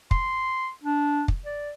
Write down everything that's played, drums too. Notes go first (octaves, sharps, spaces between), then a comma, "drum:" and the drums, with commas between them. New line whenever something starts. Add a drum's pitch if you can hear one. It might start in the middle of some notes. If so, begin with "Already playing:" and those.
C6, drum: kick
D4
drum: kick
D5